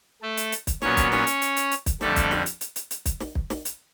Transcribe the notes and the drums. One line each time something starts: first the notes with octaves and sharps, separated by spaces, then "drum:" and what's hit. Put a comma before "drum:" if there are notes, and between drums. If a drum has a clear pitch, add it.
A3 A4
drum: hi-hat
drum: hi-hat
drum: kick, hi-hat
A#2 F#3 B3 C#4 C#5, drum: snare
drum: kick, hi-hat
C#4 C#5, drum: snare
drum: hi-hat
drum: hi-hat
drum: hi-hat
drum: hi-hat
drum: kick, hi-hat
F2 D3 G3 A3 A4, drum: snare
drum: kick, hi-hat
drum: snare
drum: hi-hat
drum: hi-hat
drum: hi-hat
drum: hi-hat
drum: kick, hi-hat
drum: snare
drum: kick
drum: snare
drum: hi-hat